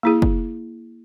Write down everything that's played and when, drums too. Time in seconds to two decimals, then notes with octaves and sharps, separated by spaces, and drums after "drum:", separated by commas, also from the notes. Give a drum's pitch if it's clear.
0.03 A#3 E4 G#4
0.22 drum: kick